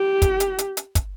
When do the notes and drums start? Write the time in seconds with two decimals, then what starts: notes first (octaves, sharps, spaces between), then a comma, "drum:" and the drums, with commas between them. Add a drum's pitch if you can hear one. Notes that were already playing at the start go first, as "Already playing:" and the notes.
Already playing: G4
0.22 drum: kick, hi-hat
0.40 drum: hi-hat
0.58 drum: hi-hat
0.77 drum: hi-hat
0.95 drum: kick, hi-hat